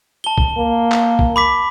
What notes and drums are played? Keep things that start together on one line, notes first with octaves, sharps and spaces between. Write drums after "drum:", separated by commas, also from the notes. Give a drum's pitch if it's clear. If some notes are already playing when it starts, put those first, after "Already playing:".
A5 G7
drum: kick
A#3
drum: clap
drum: kick
B5 D6 B6